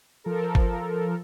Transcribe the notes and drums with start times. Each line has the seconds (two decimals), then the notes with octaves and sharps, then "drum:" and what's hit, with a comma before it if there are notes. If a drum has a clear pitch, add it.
0.24 F3 A4 A#4
0.55 drum: kick G1